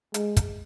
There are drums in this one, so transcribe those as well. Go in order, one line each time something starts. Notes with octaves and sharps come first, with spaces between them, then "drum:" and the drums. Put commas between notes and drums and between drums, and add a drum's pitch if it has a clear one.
G#3, drum: hi-hat
drum: kick, hi-hat